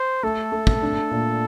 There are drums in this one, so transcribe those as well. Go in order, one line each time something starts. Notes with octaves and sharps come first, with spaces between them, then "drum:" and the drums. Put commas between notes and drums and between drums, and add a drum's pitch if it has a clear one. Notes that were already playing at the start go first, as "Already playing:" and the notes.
Already playing: C5
A3 A4
A3
drum: kick
D4
A#2